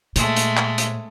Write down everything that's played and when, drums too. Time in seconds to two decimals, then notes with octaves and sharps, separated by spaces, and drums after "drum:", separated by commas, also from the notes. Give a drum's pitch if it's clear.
0.16 A#2 G#3 A3, drum: hi-hat
0.36 drum: hi-hat
0.57 drum: clap
0.78 drum: hi-hat